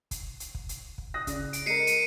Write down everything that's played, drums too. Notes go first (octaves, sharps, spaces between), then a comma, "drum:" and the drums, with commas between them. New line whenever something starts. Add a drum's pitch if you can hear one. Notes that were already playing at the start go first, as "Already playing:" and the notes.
drum: kick, hi-hat
drum: hi-hat
drum: kick
drum: hi-hat
drum: kick
D#6 F#6 A#6
C#3 D5, drum: kick, hi-hat
D7, drum: hi-hat
G#3 A#4 C7 C#7 D#7
D#7, drum: hi-hat